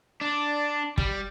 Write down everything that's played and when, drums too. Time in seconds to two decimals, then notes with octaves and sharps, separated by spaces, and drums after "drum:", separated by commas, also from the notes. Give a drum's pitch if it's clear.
0.21 D4
0.98 G3, drum: kick